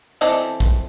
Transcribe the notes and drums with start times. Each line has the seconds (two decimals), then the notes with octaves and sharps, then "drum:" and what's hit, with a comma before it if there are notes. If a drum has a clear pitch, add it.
0.21 E3 C4 A4 D5 D#5, drum: hi-hat
0.41 drum: hi-hat
0.60 drum: kick A#1, hi-hat